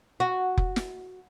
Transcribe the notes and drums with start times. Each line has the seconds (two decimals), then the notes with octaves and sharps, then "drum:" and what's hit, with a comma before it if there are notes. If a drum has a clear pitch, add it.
0.20 F#4
0.58 drum: kick F1
0.76 drum: snare